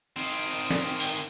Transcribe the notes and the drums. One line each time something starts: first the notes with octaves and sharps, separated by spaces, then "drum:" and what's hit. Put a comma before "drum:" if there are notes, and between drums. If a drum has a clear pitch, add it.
D#3 C4
drum: snare
drum: open hi-hat